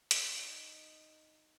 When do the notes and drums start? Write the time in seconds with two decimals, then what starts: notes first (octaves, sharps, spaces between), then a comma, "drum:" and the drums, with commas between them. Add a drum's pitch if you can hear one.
0.11 D#4, drum: hi-hat